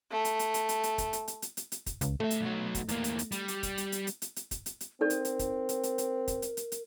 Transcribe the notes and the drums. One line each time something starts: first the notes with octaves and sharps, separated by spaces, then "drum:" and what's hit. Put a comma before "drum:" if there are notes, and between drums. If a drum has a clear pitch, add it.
A3
drum: hi-hat
drum: hi-hat
drum: hi-hat
drum: hi-hat
drum: hi-hat
drum: kick, hi-hat
drum: hi-hat
drum: hi-hat
drum: hi-hat
drum: hi-hat
drum: hi-hat
drum: kick, hi-hat
C#2, drum: hi-hat
B2 A3 E5
drum: hi-hat
B1 F#3
drum: kick, hi-hat
E2 A#3, drum: hi-hat
drum: hi-hat
drum: hi-hat
G3, drum: hi-hat
drum: hi-hat
drum: kick, hi-hat
drum: hi-hat
drum: hi-hat
drum: hi-hat
drum: hi-hat
drum: hi-hat
drum: kick, hi-hat
drum: hi-hat
drum: hi-hat
C4 D#4 A4 A#4 D5
drum: hi-hat
drum: hi-hat
drum: kick, hi-hat
drum: hi-hat
drum: hi-hat
drum: hi-hat
drum: kick, hi-hat
drum: hi-hat
drum: hi-hat
drum: hi-hat